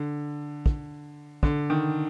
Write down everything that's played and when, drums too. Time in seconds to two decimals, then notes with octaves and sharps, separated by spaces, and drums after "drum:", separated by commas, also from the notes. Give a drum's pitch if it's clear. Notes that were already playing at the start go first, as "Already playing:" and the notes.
Already playing: D3
0.66 drum: kick
1.43 D3, drum: kick
1.70 D#3